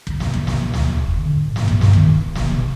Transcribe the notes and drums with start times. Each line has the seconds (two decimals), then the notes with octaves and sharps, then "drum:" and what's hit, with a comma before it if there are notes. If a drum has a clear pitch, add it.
0.07 drum: kick
0.20 drum: snare
0.34 drum: kick
0.47 drum: snare
0.74 D2, drum: snare
0.92 E2
1.06 F1
1.18 D3
1.36 A2
1.56 G#2, drum: snare
1.68 G2, drum: kick
1.81 drum: snare
1.93 D#3, drum: kick
2.15 D1
2.35 G#1, drum: snare
2.54 C3